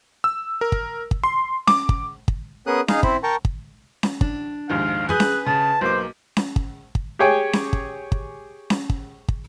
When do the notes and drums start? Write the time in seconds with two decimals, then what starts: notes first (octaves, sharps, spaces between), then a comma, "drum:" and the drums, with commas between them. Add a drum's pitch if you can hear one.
0.24 E6
0.61 A#4
0.72 drum: kick
1.11 drum: kick
1.24 C6
1.67 D6, drum: snare C#4
1.89 drum: kick
2.28 drum: kick
2.67 B3 C#4 G#4 A#4 D#6 F#6
2.88 D#4 G#4 D#5 F5, drum: snare C#4
3.03 C4 E4 C5 B5, drum: kick
3.23 A#4 G5 A5 A#5 C#6
3.45 drum: kick
4.03 drum: snare C#4
4.21 D4, drum: kick
4.69 A#1 D#2 G#2 F5
5.09 G#4 B4 G#5 D#6 F#6 G6
5.20 drum: snare C#4
5.46 C#3 A5
5.81 B1 A#3 C5 D6
6.37 drum: snare C#4
6.56 drum: kick
6.95 drum: kick
7.19 G4 G#4 C#5 G5 G#5
7.53 drum: snare C#4
7.73 drum: kick
8.12 drum: kick
8.70 drum: snare C#4
8.90 drum: kick
9.28 drum: kick